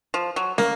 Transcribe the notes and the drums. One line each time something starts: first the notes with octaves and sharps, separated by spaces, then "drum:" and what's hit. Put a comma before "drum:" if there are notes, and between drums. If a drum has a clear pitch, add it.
F3
F#3
A#3, drum: snare